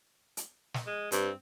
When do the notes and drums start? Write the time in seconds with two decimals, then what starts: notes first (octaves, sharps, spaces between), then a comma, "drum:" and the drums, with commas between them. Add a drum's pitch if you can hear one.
0.37 drum: hi-hat
0.74 drum: snare
0.87 G#3
1.12 G2 C4, drum: hi-hat